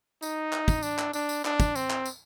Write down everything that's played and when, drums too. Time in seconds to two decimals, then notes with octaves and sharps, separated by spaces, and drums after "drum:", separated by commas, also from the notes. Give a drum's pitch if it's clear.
0.22 D#4, drum: tambourine
0.53 drum: clap
0.68 drum: kick, tambourine
0.83 D4, drum: tambourine
0.98 drum: clap
1.13 D4, drum: tambourine
1.29 drum: tambourine
1.45 D4, drum: clap
1.60 drum: kick, tambourine
1.76 C4, drum: tambourine
1.90 drum: clap
2.06 drum: tambourine